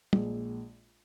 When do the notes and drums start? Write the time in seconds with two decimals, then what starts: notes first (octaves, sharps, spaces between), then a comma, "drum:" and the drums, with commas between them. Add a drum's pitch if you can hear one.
0.13 A#1 A#2 G#3, drum: tom